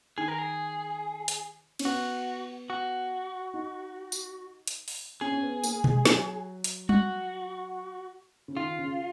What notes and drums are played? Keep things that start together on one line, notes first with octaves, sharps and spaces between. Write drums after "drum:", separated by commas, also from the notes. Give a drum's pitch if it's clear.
D#3 G#4
A#4
G#4
drum: hi-hat
C#4, drum: cymbal
B3 F#4
F#4
D#4
drum: tambourine
drum: hi-hat
drum: open hi-hat
C#4 G#4
C#4
B3
A#3, drum: tambourine
G#3, drum: tom B2
F#3, drum: snare
drum: hi-hat
F#4, drum: tom G3
C#3
D#3 F4
C#3